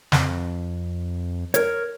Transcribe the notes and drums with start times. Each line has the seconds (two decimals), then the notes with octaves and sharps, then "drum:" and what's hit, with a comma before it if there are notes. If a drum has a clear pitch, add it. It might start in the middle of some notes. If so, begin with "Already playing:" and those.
0.12 F2, drum: snare
1.54 A#4 C#5, drum: hi-hat